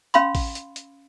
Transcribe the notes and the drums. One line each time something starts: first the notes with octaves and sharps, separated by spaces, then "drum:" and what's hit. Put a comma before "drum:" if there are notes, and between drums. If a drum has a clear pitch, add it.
C#4 F5 B5 C6, drum: hi-hat
drum: kick A1, open hi-hat
drum: hi-hat
drum: hi-hat